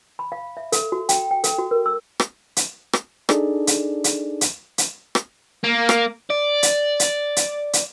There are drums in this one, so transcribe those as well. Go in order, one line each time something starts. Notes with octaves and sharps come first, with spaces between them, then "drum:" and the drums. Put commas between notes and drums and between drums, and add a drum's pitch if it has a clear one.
B5
F5
E5
A4, drum: hi-hat
F#4
G5, drum: hi-hat
G5
A4, drum: hi-hat
F#4
A#4
E6
drum: rim click
drum: hi-hat
drum: rim click
D4 D#4 G#4 A4 D5, drum: rim click
drum: hi-hat
drum: hi-hat
drum: hi-hat
drum: hi-hat
drum: rim click
A#3
drum: rim click
D5
drum: hi-hat
drum: hi-hat
drum: hi-hat
drum: hi-hat